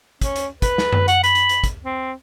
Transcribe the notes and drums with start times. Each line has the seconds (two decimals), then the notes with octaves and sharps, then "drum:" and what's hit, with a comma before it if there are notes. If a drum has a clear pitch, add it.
0.22 C#4, drum: kick, hi-hat
0.36 drum: hi-hat
0.62 B4, drum: kick, hi-hat
0.78 drum: snare
0.93 drum: tom F#2
1.08 F#5, drum: hi-hat
1.24 B5, drum: hi-hat
1.35 drum: hi-hat
1.49 drum: hi-hat
1.64 drum: kick, hi-hat
1.85 C4